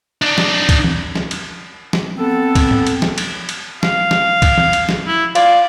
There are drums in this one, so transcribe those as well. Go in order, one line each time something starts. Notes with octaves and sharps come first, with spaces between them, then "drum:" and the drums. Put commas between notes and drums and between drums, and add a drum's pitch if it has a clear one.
D4 D#4
drum: snare
drum: kick, cymbal
drum: tom
drum: snare
drum: cymbal
drum: snare
B3 C4 A4
drum: kick, cymbal
drum: tom
drum: cymbal
drum: snare
drum: cymbal
drum: cymbal
F5, drum: snare
drum: snare
drum: kick, cymbal
drum: tom
drum: cymbal
drum: snare
E4
F4 D5, drum: cymbal